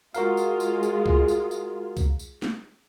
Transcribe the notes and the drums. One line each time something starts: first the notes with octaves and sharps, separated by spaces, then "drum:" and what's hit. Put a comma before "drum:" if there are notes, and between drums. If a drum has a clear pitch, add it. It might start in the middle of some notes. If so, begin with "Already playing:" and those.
G#3 F4 F#4 A#4 F5, drum: tambourine
drum: tambourine
drum: tambourine
drum: tambourine
drum: kick C2
drum: tambourine
drum: tambourine
drum: kick C2, tambourine
drum: tambourine
drum: snare